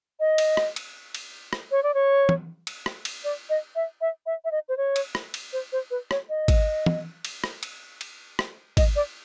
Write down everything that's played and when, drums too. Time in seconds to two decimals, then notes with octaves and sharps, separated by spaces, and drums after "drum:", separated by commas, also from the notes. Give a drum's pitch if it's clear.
0.20 D#5
0.38 drum: cymbal
0.57 drum: rim click
0.76 drum: cymbal
1.14 drum: cymbal
1.53 drum: rim click
1.71 C#5
1.83 D5
1.94 C#5
2.29 drum: tom
2.67 drum: cymbal
2.86 drum: rim click
3.05 drum: cymbal
3.24 D5
3.50 D#5
3.75 E5
4.01 E5
4.26 E5
4.44 E5
4.51 D#5
4.69 C5
4.77 C#5
4.96 drum: cymbal
5.15 drum: rim click
5.34 drum: cymbal
5.53 C5
5.72 C5
5.91 B4
6.11 C#5, drum: rim click
6.29 D#5
6.48 drum: kick, cymbal
6.86 drum: tom
7.25 drum: cymbal
7.44 drum: rim click
7.63 drum: cymbal
8.01 drum: cymbal
8.39 drum: rim click
8.77 D#5, drum: kick, cymbal
8.96 D5